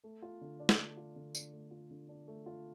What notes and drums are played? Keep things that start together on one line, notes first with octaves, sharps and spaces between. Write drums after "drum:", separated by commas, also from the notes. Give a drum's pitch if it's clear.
A3
F4
D3
D4
drum: snare
A3
F4
D3
D4, drum: tambourine
A3
F4
D3
D4
A3
F4